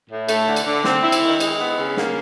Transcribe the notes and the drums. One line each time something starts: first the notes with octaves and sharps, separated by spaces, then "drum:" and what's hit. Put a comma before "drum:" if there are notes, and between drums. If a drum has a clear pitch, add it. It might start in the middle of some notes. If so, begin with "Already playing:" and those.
A2
A3, drum: cymbal
D3
drum: cymbal
D3
C4, drum: snare
E4
drum: cymbal
D#3
G#3, drum: cymbal
B3
C#3
A#3, drum: snare